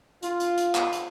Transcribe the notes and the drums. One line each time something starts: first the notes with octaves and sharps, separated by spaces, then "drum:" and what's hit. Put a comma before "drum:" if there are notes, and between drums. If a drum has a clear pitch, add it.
F4, drum: hi-hat
drum: hi-hat
drum: hi-hat
drum: clap
drum: hi-hat